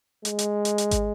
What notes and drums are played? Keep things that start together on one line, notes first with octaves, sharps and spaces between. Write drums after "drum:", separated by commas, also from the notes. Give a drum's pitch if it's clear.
G#3, drum: hi-hat
drum: hi-hat
drum: hi-hat
drum: hi-hat
drum: kick, hi-hat